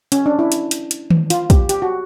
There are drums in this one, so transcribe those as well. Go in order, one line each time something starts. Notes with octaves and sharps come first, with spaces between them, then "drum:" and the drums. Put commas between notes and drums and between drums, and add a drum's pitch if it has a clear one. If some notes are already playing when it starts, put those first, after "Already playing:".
C#4, drum: hi-hat
D4
E4
drum: hi-hat
drum: hi-hat
drum: hi-hat
drum: tom D#3
F4, drum: hi-hat
G4, drum: kick, hi-hat
G4, drum: hi-hat
F#4